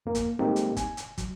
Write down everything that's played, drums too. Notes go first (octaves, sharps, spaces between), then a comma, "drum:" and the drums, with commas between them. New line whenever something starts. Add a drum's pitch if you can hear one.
F2 A#3
drum: kick, hi-hat
G3 G#3 A#3 C4 D#4 G4
drum: hi-hat
G#5, drum: kick, hi-hat
drum: hi-hat
F#3, drum: kick, hi-hat